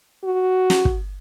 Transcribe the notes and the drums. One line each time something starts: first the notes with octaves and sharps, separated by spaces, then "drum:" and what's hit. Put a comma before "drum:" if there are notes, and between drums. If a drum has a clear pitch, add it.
F#4
drum: snare
drum: kick